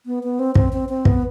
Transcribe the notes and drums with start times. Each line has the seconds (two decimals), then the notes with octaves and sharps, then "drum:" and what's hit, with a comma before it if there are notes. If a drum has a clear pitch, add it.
0.06 B3
0.23 B3
0.39 C4
0.55 C4, drum: kick
0.73 C4
0.89 C4
1.05 B3, drum: kick